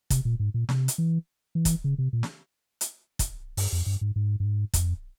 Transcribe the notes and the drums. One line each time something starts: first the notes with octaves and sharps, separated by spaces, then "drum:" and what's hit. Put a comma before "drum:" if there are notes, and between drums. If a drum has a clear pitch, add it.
C3, drum: kick, hi-hat
A#2
G#2
A#2
C3, drum: snare
drum: hi-hat
E3
E3
drum: kick, hi-hat
C#3
C3
A#2
drum: snare
drum: hi-hat
drum: kick, hi-hat
G2, drum: open hi-hat
F2
G2
G#2
G#2
G2
G#2
F2, drum: kick, hi-hat